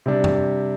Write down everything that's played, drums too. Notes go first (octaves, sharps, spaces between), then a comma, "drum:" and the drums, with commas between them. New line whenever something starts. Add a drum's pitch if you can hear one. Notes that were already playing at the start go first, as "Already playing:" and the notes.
C3 G3 D4
drum: tom F#2